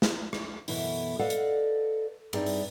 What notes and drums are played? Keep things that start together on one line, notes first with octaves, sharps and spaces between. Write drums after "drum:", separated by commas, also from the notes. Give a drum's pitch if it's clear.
drum: snare
drum: rim click
F#2 B2 E3 A3 E4, drum: open hi-hat
A4 B4 D5 D#5 F5 F#5
drum: hi-hat
G2 C4 D#4 E4 G#4 D5, drum: cymbal
drum: open hi-hat